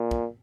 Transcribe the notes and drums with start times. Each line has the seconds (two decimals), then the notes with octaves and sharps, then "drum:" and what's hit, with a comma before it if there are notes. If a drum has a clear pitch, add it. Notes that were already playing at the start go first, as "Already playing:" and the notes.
Already playing: A#2
0.11 drum: kick